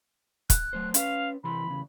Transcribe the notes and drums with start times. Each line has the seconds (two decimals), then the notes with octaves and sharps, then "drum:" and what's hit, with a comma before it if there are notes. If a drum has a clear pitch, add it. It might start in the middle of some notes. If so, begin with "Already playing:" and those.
0.50 F#6, drum: kick, hi-hat
0.73 F#3 A3 C5
0.94 C#4 B4 F5, drum: hi-hat
1.44 C3 E3 B5 C6
1.67 E2 C#3